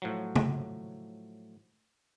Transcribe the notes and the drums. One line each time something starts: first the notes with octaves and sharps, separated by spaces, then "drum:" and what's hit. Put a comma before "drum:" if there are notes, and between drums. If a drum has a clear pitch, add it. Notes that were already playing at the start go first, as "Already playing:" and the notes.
A2 F3 F#3
drum: tom